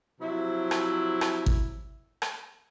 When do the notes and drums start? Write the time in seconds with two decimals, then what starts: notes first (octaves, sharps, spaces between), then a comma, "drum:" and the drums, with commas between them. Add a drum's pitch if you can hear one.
0.21 C3 F3 F#3 E4
0.71 drum: rim click
1.21 drum: rim click
1.46 drum: kick
2.22 drum: rim click